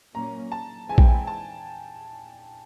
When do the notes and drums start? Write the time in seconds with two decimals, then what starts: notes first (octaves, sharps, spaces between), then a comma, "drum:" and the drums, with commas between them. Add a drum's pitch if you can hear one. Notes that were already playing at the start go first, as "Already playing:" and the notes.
0.14 A#2 F#3 A#3 C#4 A#5
0.52 A5
0.89 E3 G#3 C4 E4 G#5
0.98 G5, drum: kick A#1
1.07 G#5
1.27 A5